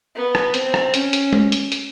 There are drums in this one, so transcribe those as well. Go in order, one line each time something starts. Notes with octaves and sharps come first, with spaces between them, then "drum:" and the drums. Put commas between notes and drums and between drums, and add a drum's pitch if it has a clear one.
B3
drum: rim click
C4, drum: hi-hat
drum: rim click
C#4, drum: hi-hat
drum: hi-hat
drum: tom G#3
drum: hi-hat
drum: hi-hat